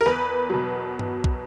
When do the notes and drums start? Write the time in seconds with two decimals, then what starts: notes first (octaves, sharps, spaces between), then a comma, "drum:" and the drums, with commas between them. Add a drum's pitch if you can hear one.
0.01 A#4
0.06 E2 B4
0.50 B2 F#3
0.99 drum: tom G2
1.24 drum: kick